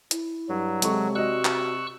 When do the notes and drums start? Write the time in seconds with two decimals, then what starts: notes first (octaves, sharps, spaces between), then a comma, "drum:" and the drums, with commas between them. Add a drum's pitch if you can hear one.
0.11 E4, drum: hi-hat
0.49 G2 F#3
0.82 C3 G#3 A4 C#6, drum: hi-hat
1.15 F#4 D5 D#5 C#6 E6 F#6
1.45 drum: clap